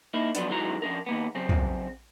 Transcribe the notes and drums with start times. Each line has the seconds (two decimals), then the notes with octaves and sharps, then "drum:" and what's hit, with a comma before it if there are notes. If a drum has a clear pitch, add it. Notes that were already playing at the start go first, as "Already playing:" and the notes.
0.14 A#3 D#4 E4
0.35 F3 F#3 A#3 B3 D4, drum: hi-hat
0.48 F#2 D#3 E3 G#3 F#4 A#5
0.82 F3 C#4 D4 A#4
1.06 D#3 A#3 B3
1.35 F#2 C#3 C4
1.49 drum: tom